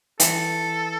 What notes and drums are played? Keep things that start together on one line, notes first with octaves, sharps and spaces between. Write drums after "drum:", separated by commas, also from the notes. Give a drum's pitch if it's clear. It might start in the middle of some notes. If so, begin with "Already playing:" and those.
E3 A4, drum: hi-hat